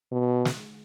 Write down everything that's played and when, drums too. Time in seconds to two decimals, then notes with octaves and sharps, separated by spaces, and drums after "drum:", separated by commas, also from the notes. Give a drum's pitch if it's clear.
0.12 B2
0.45 drum: snare